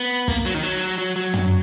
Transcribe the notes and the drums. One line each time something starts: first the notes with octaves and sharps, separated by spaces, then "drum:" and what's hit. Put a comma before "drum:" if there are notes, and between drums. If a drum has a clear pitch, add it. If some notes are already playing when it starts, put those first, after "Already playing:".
Already playing: B3
A#3, drum: kick
F#3
D#3
F#3
F#3
F#3
drum: tom